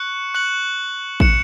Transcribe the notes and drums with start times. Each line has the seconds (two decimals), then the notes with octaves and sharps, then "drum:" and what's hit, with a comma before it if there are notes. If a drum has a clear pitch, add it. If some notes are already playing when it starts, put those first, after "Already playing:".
Already playing: C#6 F#6 C#7 F#7
0.34 C#6 F#6 C#7 F#7
1.20 F#6 C#7 E7, drum: kick A1